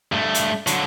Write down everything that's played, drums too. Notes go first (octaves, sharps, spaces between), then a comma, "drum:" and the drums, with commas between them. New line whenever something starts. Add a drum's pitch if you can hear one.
G2 A3
drum: hi-hat
D3 F#3, drum: hi-hat